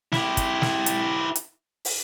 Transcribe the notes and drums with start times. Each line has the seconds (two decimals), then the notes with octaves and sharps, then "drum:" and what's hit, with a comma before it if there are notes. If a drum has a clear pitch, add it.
0.13 E4 G4, drum: snare
0.37 drum: kick, hi-hat
0.62 drum: snare
0.86 drum: hi-hat
1.36 drum: hi-hat
1.85 drum: open hi-hat